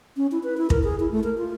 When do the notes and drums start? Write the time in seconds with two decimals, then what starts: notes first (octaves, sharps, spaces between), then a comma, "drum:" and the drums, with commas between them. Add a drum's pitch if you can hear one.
0.17 C#4
0.32 E4
0.44 B4
0.57 E4
0.70 A#4, drum: kick
0.84 G#4
1.00 E4
1.12 A3
1.24 A#4
1.38 F4